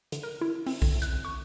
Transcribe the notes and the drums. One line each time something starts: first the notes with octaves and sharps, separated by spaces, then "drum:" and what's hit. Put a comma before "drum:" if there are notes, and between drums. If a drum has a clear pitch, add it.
D3, drum: hi-hat
A#4
E4
C4, drum: open hi-hat
D3, drum: kick B1, open hi-hat
F#6, drum: hi-hat
C#6